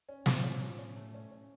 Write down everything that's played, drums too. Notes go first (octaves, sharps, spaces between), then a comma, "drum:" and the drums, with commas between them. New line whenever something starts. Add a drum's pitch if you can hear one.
C#4
A2 F3, drum: snare
C#4
F3
C#4
A3
C#4
C#4